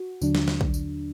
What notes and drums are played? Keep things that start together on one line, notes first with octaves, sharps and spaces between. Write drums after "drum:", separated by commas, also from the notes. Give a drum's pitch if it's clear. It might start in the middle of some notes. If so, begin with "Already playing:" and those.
Already playing: F#4
D#2 D3 F#3 D4, drum: tambourine
drum: snare
drum: snare
drum: kick A#1
drum: tambourine